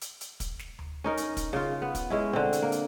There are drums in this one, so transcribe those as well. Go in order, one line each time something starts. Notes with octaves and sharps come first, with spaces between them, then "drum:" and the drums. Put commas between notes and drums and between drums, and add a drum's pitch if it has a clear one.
drum: hi-hat
drum: hi-hat
drum: kick, hi-hat
drum: snare
drum: tom D2
C#4 D#4 A#4
drum: hi-hat
drum: kick, hi-hat
C#3 F4
B3
drum: kick, hi-hat
G#3 C#4 E4
D3 C4, drum: tom B2
drum: hi-hat
A#3
drum: hi-hat